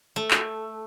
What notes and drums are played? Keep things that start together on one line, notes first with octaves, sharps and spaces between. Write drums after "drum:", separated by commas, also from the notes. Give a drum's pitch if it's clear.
A3
drum: clap